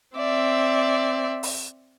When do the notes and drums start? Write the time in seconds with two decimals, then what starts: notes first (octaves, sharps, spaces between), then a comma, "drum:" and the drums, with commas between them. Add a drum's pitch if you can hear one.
0.15 C4 D5 E5
1.43 drum: open hi-hat